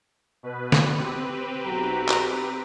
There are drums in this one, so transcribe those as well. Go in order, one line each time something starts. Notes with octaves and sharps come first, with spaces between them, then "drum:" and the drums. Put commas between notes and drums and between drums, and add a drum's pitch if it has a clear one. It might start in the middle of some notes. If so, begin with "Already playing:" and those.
B2 B4
drum: snare
C4 G4 B4
B1 F#4 A#5
drum: clap